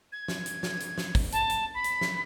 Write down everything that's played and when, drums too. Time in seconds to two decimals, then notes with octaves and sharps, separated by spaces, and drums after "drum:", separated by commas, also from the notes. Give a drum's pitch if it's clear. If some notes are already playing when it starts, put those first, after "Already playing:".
0.12 G#6
0.28 drum: snare
0.46 drum: hi-hat
0.63 drum: snare
0.80 drum: hi-hat
0.98 drum: snare
1.15 drum: kick, open hi-hat
1.32 A5, drum: hi-hat
1.50 drum: hi-hat
1.74 B5
1.84 drum: hi-hat
2.01 drum: snare